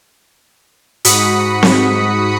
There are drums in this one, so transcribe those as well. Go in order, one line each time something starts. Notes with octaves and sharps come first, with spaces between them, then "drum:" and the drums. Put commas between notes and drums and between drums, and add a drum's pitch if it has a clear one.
G#2 F#4 B5 D#6 B6 C#7, drum: hi-hat
drum: snare C4